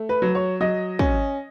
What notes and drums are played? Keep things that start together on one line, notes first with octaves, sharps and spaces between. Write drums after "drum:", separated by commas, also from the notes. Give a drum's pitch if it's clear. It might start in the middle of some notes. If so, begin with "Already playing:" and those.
Already playing: A3
B4
F#3
C#5
F#3 D#5
C#4, drum: kick